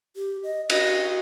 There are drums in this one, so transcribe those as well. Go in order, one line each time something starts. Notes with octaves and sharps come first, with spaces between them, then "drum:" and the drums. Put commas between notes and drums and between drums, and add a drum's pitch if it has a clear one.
G4
D#5
F#4 D#5, drum: cymbal